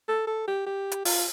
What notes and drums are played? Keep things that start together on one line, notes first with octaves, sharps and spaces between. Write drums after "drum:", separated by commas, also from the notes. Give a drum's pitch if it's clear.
A4
A4
G4
G4
drum: hi-hat
F4, drum: open hi-hat